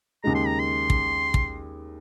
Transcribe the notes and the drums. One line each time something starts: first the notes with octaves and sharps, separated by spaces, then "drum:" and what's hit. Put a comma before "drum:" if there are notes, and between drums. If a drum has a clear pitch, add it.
D#2 C#3 G#3 A#5
C6
A#5
C6
drum: kick
drum: kick